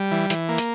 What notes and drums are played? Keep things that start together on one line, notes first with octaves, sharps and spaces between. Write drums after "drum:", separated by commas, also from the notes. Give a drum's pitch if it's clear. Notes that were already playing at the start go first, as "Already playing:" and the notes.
Already playing: G3
E3
E3, drum: hi-hat
A#3
drum: hi-hat